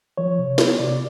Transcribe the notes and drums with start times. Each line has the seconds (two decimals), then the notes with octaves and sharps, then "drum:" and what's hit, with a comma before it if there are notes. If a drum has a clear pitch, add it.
0.18 F3 C#5
0.39 C3
0.58 B3, drum: snare
0.79 C3 D5